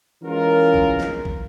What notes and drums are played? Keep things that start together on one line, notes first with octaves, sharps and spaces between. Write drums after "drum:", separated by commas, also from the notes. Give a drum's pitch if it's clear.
E3 G#3 C#4 F4 A#4
drum: kick A#1
drum: snare
drum: kick A#1